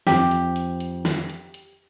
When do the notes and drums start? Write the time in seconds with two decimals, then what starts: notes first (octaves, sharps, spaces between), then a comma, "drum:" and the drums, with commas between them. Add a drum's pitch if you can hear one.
0.07 F2 C4 G4, drum: snare
0.31 drum: hi-hat
0.56 drum: hi-hat
0.80 drum: hi-hat
1.05 drum: snare
1.30 drum: hi-hat
1.54 drum: hi-hat